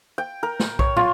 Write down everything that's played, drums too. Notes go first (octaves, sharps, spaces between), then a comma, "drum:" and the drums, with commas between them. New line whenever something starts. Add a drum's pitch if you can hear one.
G5
A#4
drum: snare
C#5, drum: kick B1
F4, drum: tom